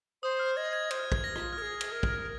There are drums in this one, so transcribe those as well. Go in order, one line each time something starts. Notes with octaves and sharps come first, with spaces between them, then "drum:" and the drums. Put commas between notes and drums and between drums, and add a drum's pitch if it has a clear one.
C5 D#6
F6
D#5 G#6
G#6
C5, drum: cymbal
F6
G#6, drum: kick
A#6
F4, drum: rim click
F6
G#4 A#4 G#6
drum: cymbal
A#4
drum: kick